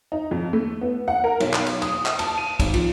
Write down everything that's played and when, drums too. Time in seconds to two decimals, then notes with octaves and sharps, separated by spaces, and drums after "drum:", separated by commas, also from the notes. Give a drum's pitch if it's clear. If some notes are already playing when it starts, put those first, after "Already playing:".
0.12 D#4
0.31 F2
0.53 A3
0.81 B3
1.08 F#5
1.24 A#4
1.40 B1, drum: cymbal
1.53 drum: clap
1.67 drum: cymbal
1.82 D#6, drum: cymbal
2.06 drum: clap
2.19 A5, drum: cymbal
2.38 D#7
2.60 G#1, drum: kick, cymbal
2.74 F3, drum: cymbal